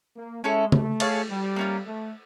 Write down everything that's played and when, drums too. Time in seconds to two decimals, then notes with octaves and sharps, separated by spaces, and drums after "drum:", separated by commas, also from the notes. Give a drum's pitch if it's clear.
0.16 A#3
0.43 G#3 C#4 E4 A4 C#5
0.72 A3, drum: tom C#3
1.00 G#4 C#5 F5 A5, drum: cymbal
1.28 G3
1.56 A#3 C#4 F4
1.85 A3